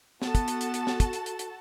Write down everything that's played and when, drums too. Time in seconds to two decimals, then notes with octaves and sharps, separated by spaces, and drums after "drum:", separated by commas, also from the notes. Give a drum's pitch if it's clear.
0.22 B3 F#4 A4 A5, drum: snare
0.35 drum: kick, hi-hat
0.48 drum: hi-hat
0.61 drum: hi-hat
0.74 drum: hi-hat
0.87 drum: snare
1.00 drum: kick, hi-hat
1.13 drum: hi-hat
1.26 drum: hi-hat
1.39 drum: hi-hat